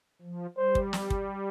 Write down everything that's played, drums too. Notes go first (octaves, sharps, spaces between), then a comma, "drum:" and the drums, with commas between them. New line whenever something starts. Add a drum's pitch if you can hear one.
F3
G3 C5
drum: kick
drum: snare
drum: kick